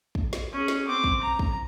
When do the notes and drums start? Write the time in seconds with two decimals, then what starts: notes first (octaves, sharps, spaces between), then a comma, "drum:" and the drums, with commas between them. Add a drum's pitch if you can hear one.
0.15 drum: kick
0.33 drum: snare
0.53 C#4 G#4
0.68 drum: snare
0.87 C4 D6
1.04 drum: kick
1.22 A#5
1.39 drum: kick